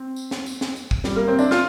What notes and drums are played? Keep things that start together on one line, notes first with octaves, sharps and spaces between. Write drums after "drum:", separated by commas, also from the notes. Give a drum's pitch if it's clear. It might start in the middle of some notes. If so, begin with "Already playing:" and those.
Already playing: C4
drum: tambourine
drum: snare
drum: tambourine
drum: snare
drum: tambourine
drum: kick
G3, drum: snare
A#3
C4
D4, drum: tambourine
F4, drum: snare